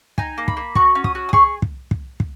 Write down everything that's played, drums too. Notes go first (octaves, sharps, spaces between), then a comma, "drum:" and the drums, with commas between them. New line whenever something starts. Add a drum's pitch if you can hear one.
D#4 G#5, drum: kick
A#3
B5, drum: kick
A#3
F#4 C#6, drum: kick
C#4
D#6, drum: kick
F#4
D#6
G#4 C#6, drum: kick
drum: kick
drum: kick
drum: kick